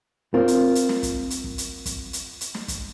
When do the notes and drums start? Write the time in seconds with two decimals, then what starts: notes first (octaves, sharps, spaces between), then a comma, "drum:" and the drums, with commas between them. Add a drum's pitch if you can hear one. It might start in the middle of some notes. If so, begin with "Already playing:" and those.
0.34 C4 F4 A#4
0.48 drum: hi-hat
0.75 drum: hi-hat
0.89 drum: snare
1.03 drum: kick, hi-hat
1.30 drum: hi-hat
1.44 drum: kick
1.58 drum: hi-hat
1.86 drum: kick, hi-hat
2.13 drum: hi-hat
2.41 drum: hi-hat
2.55 drum: snare
2.68 drum: kick, hi-hat